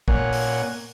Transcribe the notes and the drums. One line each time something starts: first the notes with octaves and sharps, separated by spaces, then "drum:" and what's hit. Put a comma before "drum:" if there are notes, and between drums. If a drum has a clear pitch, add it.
A#2 A#3 C#5 F#5 G#5, drum: kick
drum: open hi-hat